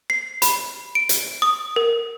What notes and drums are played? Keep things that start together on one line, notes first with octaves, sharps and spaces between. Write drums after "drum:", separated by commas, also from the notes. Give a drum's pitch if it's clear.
C7
B5, drum: hi-hat
D7
drum: hi-hat
D#6
A#4